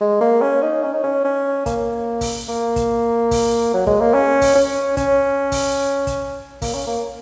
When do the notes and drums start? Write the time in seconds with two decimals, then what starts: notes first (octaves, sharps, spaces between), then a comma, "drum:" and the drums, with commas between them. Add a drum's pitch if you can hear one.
0.01 G#3
0.21 A#3
0.42 C#4
0.63 D#4
0.83 C#4
0.93 D#4
1.04 C#4
1.25 C#4
1.66 A#3, drum: kick, hi-hat
2.21 drum: kick, open hi-hat
2.49 A#3
2.76 drum: kick, hi-hat
3.31 drum: kick, open hi-hat
3.74 F#3
3.87 G#3, drum: kick
4.01 A#3
4.14 C#4
4.41 drum: kick, open hi-hat
4.55 C#4
4.97 C#4, drum: kick, hi-hat
5.52 drum: kick, open hi-hat
6.07 drum: kick, hi-hat
6.62 A#3, drum: kick, open hi-hat
6.75 C#4
6.87 A#3